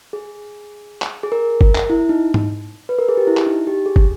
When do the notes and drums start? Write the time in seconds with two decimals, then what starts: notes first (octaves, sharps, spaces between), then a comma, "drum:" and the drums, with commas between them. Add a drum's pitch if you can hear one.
0.13 G#4
1.02 drum: clap
1.23 G#4
1.32 A#4
1.61 drum: kick
1.75 drum: clap
1.90 E4
2.09 D#4
2.34 drum: tom G#2
2.89 B4
2.99 A#4
3.08 G#4
3.17 G4
3.27 E4
3.37 drum: clap
3.47 D#4
3.67 G4
3.86 G#4
3.96 drum: kick